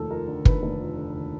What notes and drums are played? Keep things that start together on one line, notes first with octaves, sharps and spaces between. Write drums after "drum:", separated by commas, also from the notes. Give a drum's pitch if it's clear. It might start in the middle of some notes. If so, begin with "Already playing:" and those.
Already playing: F1 D#2 A4
F3 A#4
D3
D#2 B4, drum: kick
F1
F3
D3
D#2